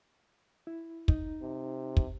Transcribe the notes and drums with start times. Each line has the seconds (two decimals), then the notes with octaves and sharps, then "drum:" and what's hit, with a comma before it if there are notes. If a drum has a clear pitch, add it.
0.67 E4
1.08 D#4, drum: kick
1.42 C3
1.97 drum: kick